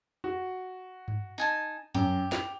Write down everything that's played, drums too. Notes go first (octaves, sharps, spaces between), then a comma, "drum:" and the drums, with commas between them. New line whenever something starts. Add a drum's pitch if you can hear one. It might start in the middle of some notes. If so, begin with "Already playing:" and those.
F#4
drum: tom G2
D#4 G#5 A5
F#2 G4, drum: tom G2
F7, drum: snare